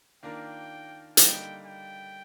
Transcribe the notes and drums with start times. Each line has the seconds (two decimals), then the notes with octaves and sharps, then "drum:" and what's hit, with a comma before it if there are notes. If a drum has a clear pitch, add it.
0.23 D#3 A#3 D4 F4 A#4 G5
1.17 D3 G3 A#3 D#4 G5, drum: hi-hat
1.65 G5